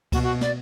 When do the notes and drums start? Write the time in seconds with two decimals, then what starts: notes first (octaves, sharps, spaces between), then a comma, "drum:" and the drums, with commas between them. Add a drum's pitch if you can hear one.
0.12 B2 F#4, drum: kick C#2, cymbal
0.22 F#4
0.41 D5, drum: snare